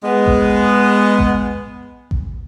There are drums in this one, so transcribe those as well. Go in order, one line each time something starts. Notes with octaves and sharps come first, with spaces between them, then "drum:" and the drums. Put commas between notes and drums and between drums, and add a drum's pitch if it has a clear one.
G#3 B3
drum: kick A1
drum: kick A1
drum: kick A1